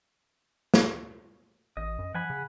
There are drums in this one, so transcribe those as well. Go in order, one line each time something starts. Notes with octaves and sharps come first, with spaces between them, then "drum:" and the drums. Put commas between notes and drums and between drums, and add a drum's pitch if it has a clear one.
drum: snare
A1 D#5
F#2
F3 F#5 G#5 B5
C#3